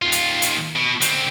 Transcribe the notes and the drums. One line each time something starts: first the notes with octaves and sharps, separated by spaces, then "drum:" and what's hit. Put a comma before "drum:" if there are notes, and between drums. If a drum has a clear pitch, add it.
D#2 F4
drum: hi-hat
drum: hi-hat
B2
D3 C4, drum: hi-hat